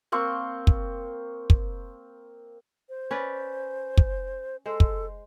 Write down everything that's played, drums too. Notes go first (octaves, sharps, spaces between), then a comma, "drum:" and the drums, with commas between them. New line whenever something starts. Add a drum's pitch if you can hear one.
A#3 C4 C6 C#6
drum: kick
drum: kick
C5
C#4 B4 D5
drum: kick
G#3 A4 C5
drum: kick